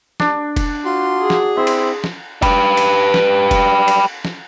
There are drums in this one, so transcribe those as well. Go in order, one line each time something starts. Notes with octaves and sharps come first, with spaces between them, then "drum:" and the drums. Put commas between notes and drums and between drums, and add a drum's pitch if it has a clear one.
D4, drum: snare
drum: kick F1, cymbal
F4 F#4 C6
G#4
drum: snare
C4 E4 E5 C6
drum: cymbal
drum: snare
G4 B4, drum: kick F1, cymbal
drum: cymbal
drum: snare
drum: kick F1, cymbal
drum: cymbal
drum: snare